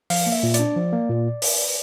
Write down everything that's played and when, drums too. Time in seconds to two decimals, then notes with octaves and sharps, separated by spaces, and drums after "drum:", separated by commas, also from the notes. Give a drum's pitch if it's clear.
0.10 F3 F5, drum: open hi-hat
0.26 A#3
0.32 E5
0.43 A#2
0.54 D5, drum: hi-hat
0.59 D4
0.76 F3
0.93 A#3
1.09 A#2
1.42 drum: open hi-hat